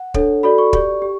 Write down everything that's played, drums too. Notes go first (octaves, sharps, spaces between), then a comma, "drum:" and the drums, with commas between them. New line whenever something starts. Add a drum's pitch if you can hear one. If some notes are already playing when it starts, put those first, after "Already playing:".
Already playing: F#5
D4 A4 C#5, drum: kick
F#4 A4 D5 B5
C#6
G4 D5, drum: kick
G4